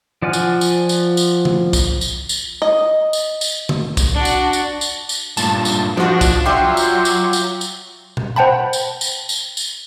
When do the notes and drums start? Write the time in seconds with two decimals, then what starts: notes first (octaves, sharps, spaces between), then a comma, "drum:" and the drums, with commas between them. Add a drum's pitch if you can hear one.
0.22 F3 D5 F#5 G#5 F6
0.33 drum: tambourine
0.61 drum: tambourine
0.89 drum: tambourine
1.17 drum: tambourine
1.45 drum: tom
1.73 drum: kick, tambourine
2.01 drum: tambourine
2.29 drum: tambourine
2.62 D#5
3.13 drum: tambourine
3.41 drum: tambourine
3.69 drum: tom
3.97 drum: kick, tambourine
4.14 D4 F#4
4.25 drum: tambourine
4.53 drum: tambourine
4.81 drum: tambourine
5.09 drum: tambourine
5.37 G2 A#2 A5, drum: tambourine
5.65 drum: tambourine
5.97 F3 D4 D#4 F#4
6.21 drum: kick, tambourine
6.46 F#3 F4 G4 E5 C6
6.77 drum: tambourine
7.05 drum: tambourine
7.33 drum: tambourine
7.61 drum: tambourine
8.17 drum: tom B2
8.36 C5 F#5 G5 A5 B5
8.73 drum: tambourine
9.01 drum: tambourine
9.29 drum: tambourine
9.57 drum: tambourine